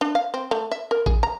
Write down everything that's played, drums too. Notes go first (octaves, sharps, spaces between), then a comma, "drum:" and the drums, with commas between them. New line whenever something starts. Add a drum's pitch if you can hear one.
D4
F5
C4
A3
E5
A#4
G#4, drum: kick
A#5